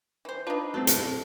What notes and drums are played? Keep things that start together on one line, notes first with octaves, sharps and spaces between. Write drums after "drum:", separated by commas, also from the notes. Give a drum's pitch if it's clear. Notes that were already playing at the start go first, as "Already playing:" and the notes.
E3 C5
D4 D#4 F4 B4
F#3 A3 C4 A4
drum: hi-hat